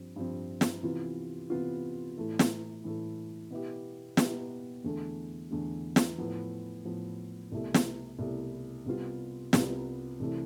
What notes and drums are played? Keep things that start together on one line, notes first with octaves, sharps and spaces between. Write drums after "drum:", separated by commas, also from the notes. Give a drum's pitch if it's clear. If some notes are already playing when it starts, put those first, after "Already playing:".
Already playing: G2 F3 C4
G2 F3 C4
drum: snare
C3 E3 B3 F4
C3 E3 B3 F4
A2 E3 A3
drum: snare
A2 E3 A3
B2 B3 E4 G4
B2 B3 E4 G4, drum: snare
E2 D3 A3
E2 D3 A3
drum: snare
A2 F3 B3
A2 F3 B3
C2 B2 A3 E4
drum: snare
C2 B2 A3 E4
C2 C3 G3 B3 F4
C2 C3 G3 B3 F4, drum: snare
C2 C3 E3 A3 E4